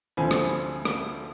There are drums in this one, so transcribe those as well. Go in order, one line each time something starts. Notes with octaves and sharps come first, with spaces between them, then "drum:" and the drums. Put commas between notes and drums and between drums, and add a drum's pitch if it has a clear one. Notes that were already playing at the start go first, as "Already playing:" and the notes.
D2 F3 C4 G#5 B5
drum: rim click
drum: rim click